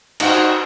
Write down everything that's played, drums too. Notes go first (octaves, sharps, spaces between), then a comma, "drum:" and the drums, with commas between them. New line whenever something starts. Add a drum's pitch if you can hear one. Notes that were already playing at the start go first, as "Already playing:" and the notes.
D#4 F#4 C5, drum: cymbal